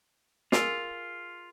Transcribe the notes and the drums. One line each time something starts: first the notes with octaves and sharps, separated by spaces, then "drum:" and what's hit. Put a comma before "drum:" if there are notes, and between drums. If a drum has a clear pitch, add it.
F4 G#4 A#4 G#5, drum: snare